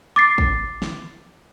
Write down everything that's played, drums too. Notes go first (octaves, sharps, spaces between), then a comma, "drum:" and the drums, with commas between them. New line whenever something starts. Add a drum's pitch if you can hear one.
D6 A6 C7
drum: kick
drum: snare